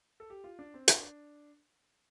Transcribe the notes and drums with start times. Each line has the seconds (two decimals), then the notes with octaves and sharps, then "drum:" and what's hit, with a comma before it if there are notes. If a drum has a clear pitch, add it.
0.20 A4
0.30 G4
0.44 F4
0.59 D4
0.74 C4
0.88 D4, drum: hi-hat